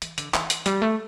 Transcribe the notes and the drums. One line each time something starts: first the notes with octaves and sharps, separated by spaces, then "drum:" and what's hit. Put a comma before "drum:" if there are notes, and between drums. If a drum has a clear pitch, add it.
E3, drum: hi-hat
D3, drum: hi-hat
E3, drum: clap
drum: hi-hat
G3, drum: hi-hat
A3